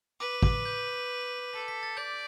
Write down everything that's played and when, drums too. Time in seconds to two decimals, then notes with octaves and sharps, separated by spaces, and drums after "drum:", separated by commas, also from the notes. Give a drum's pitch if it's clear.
0.20 B4 D6
0.43 D6, drum: kick
0.65 G6
1.53 A4 B6
1.68 B6
1.83 A6
1.97 D5 G6